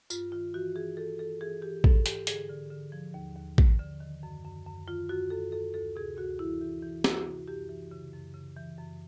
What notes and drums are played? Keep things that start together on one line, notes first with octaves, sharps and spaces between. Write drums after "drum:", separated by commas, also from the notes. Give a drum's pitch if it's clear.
G2 F4, drum: tambourine
D#3 F4
E3 F#4
E3 G#4
E3 A4
E3 A4
E3 G#4
E3 G4
G#2 A4, drum: kick A1
G#2 G4, drum: hi-hat
D3 G#4, drum: hi-hat
D3
D3
F3
D#2
D#2
D#2, drum: kick A1
D3
D#3
F#2
F#2
F#2
D#3 F4
F#2 F#4
F#2 A4
F#2 A4
D2 A4
C3 G#4
D2 F#4
E3 E4
E3
E3
E3 F#4, drum: snare
C3
F#2 G4
E3
C#3
F#2
C#3
E3
F#2